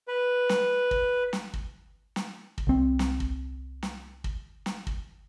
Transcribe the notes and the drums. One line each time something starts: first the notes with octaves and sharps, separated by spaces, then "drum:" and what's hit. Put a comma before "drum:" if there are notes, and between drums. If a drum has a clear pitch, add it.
B4
drum: snare
drum: kick
drum: snare
drum: kick
drum: snare
drum: kick
C2 C4
drum: snare
drum: kick
drum: snare
drum: kick
drum: snare
drum: kick